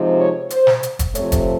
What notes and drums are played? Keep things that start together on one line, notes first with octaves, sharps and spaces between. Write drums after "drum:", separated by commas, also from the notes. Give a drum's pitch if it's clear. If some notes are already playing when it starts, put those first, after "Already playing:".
Already playing: C3 F3 G#3 C4 D#4
C#5
C5, drum: hi-hat
drum: snare
drum: hi-hat
drum: kick, hi-hat
C3 F3 A3 C#5, drum: hi-hat
drum: kick, hi-hat